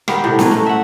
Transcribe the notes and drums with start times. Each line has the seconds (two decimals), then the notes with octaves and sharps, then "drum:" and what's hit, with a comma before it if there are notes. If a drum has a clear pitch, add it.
0.08 D#3 B3 G4 F5, drum: rim click
0.24 A2 C3 D4
0.39 G#3 C#4 D#4, drum: snare
0.51 A3
0.66 E5 F#5